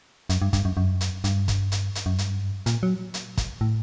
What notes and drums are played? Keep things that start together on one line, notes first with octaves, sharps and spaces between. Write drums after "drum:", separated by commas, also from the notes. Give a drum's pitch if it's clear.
F#2, drum: hi-hat
G2
G2, drum: kick, hi-hat
F#2
F#2
drum: hi-hat
G2, drum: hi-hat
drum: kick, hi-hat
drum: hi-hat
drum: hi-hat
F#2
G2, drum: hi-hat
A#2, drum: hi-hat
F#3
drum: hi-hat
drum: kick, hi-hat
A2